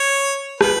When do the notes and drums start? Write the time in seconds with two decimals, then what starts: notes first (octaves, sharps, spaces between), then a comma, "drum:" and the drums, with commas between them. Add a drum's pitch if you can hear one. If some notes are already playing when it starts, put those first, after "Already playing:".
Already playing: C#5
0.61 B4, drum: rim click